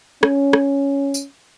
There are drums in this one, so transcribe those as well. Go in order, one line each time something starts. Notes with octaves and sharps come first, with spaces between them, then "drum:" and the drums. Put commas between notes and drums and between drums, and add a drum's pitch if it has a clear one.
C#4, drum: rim click
drum: rim click
drum: tambourine